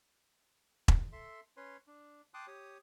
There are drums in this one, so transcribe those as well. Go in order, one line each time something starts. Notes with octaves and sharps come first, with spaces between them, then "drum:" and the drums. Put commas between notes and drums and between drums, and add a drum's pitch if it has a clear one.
drum: kick E1
A4 E5 C6
C#4 B4 C#5 C6
D4
G5 A5 C6 D6 D#6 F#6
G4 C#5 D#6